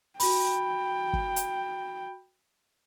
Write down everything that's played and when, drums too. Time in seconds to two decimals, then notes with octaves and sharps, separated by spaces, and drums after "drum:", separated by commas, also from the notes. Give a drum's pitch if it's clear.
0.20 F#4 G5 B5, drum: open hi-hat
1.13 drum: kick
1.36 drum: hi-hat